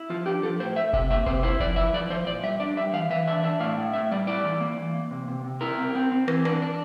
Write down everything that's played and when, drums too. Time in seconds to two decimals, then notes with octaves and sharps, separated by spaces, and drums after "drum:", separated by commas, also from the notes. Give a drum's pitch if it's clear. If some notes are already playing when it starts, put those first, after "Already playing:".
Already playing: E4
0.10 F3 F4
0.26 D4 G4
0.43 F3 A4
0.60 A2 C5
0.76 A3 E5
0.93 C3 E5, drum: kick F#1
1.10 A#3 E5
1.26 C3 C5, drum: kick F#1
1.43 E4 C5
1.60 F3 D5, drum: kick F#1
1.76 E4 E5
1.93 F3 D5
2.10 F3 C5
2.27 A#2 D5
2.43 G3 E5
2.60 D4 D5
2.77 G3 E5
2.93 E3 F5
3.10 E3 E5
3.28 D4 E5
3.44 D4 E5
3.60 A2 F5
3.77 A2
3.94 A2 E5
4.11 G3 D5
4.27 E4 D5
4.44 E3
4.60 A#3
4.77 E3
4.94 A#3
5.11 C3
5.28 C3
5.44 C3
5.61 E4 A#4
5.78 C4
5.95 C4
6.12 C4
6.28 E3, drum: rim click
6.45 D4, drum: rim click
6.62 D4